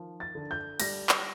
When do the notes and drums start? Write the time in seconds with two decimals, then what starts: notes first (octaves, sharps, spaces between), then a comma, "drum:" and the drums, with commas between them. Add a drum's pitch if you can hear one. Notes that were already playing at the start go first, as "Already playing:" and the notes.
Already playing: D#3 F3
0.20 A6
0.35 D3
0.51 G6
0.80 G3 A#6, drum: cymbal
1.09 drum: clap